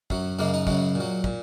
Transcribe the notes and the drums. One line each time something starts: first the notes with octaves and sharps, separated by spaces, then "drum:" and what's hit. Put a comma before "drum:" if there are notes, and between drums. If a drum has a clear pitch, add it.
F#2 F#3, drum: kick
F#2 C#3 G#3 A#3
D#4
F#2 C#3 F#3 G#3, drum: kick
A#2
F#3
A#2, drum: kick